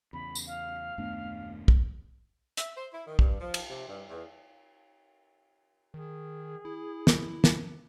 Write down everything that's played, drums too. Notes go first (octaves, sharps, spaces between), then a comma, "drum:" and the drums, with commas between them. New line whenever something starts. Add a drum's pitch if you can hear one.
E2 C#3 B5
drum: tambourine
F5
D#1 F#2 A3 B3 D4
drum: kick
E5, drum: hi-hat
C5
E4
D#3
G2, drum: kick
F3
drum: cymbal
C3
G2
E2
D#3 G#4
E4
drum: snare
drum: snare